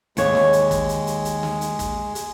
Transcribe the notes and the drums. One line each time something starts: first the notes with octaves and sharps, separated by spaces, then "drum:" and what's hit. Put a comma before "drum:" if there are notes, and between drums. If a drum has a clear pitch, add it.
D#2 G#3 C#5, drum: hi-hat
drum: snare
drum: hi-hat
drum: kick, hi-hat
drum: hi-hat
drum: hi-hat
drum: hi-hat
drum: snare
drum: hi-hat
drum: kick, hi-hat
drum: hi-hat